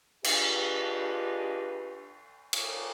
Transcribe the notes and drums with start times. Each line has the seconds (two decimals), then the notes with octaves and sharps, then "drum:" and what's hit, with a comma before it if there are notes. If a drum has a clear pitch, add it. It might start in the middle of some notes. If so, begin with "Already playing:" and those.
0.24 D4 F4 G4 G#4 B4 D#5, drum: cymbal
2.53 drum: cymbal